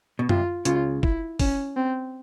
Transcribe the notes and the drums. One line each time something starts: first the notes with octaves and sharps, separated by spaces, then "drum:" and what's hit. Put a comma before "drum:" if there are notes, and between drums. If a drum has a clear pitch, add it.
B2
C2 C3 F4, drum: tom F#2
C#2 C#3 F4, drum: hi-hat
E4, drum: kick
C#4, drum: kick, open hi-hat
C4